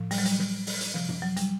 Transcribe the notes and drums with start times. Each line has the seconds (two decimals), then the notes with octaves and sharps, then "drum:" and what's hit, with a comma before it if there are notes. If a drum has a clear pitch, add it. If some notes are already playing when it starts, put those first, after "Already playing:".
Already playing: A2 F3
0.11 G3, drum: open hi-hat
0.18 F#3
0.25 G3, drum: hi-hat
0.39 drum: snare
0.67 drum: open hi-hat
0.81 drum: hi-hat
0.94 C3 F3, drum: snare
1.09 drum: tom F#2
1.22 F#3
1.37 G3, drum: hi-hat